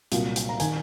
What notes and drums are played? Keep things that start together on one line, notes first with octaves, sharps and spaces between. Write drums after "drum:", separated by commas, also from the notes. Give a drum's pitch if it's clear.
C2 A#2 F#3 F5, drum: hi-hat
drum: hi-hat
A#5
D#3 G#5, drum: hi-hat